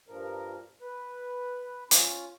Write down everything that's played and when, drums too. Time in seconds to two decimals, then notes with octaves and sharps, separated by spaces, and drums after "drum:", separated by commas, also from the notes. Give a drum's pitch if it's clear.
0.08 G2 A#2 F3 A#4
0.81 B4
1.91 C#4 F4, drum: hi-hat